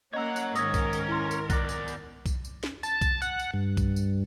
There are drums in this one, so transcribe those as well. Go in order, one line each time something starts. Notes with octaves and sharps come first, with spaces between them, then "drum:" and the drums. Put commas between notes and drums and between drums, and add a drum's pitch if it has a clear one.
A#3 C#4 C#5 D#5 F#5 A#5 E6
drum: tambourine
G#2 D#3 C#4 A#4 C#5 D#6 E6 A#6, drum: tambourine
drum: kick B1, tambourine
drum: tambourine
E4 C6
drum: tambourine
B3 D5 F#6 A#6, drum: kick B1, tambourine
drum: tambourine
drum: tambourine
drum: kick B1, tambourine
drum: tambourine
drum: snare
A5, drum: tambourine
drum: kick B1, tambourine
F#5, drum: tambourine
drum: tambourine
G2
drum: kick B1, tambourine
drum: tambourine